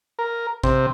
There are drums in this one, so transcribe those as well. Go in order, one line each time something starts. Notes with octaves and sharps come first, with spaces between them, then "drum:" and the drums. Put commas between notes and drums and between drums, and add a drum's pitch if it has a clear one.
A#4
C3, drum: kick